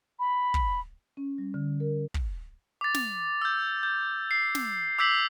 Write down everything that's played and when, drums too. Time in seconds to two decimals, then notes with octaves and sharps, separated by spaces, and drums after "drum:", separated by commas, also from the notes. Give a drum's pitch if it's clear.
0.19 B5
0.54 drum: kick
1.17 C#4
1.38 G3
1.54 D3
1.80 A#4
2.14 drum: kick
2.81 D6 A6
2.94 drum: snare
3.42 E6 G6
3.83 G6
4.31 C7
4.55 drum: snare
4.99 D6 E6 G6 B6 C7 F#7